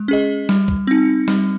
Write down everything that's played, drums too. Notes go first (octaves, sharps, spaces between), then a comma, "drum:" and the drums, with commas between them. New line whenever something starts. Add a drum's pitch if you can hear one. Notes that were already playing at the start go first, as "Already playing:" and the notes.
Already playing: G#3
C#4 G#4 D#5
G3, drum: snare
drum: kick
C4 D#4
G3, drum: snare